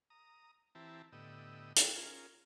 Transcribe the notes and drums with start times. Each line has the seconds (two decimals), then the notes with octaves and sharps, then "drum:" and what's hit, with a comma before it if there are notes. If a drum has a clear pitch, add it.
0.10 A#5 D#6
0.75 E3 C4 E4 G4 A5 A#5
1.12 A2 D3 B3 G4 D#5 E6
1.76 drum: hi-hat
1.96 C#4 F4 G#4 A#4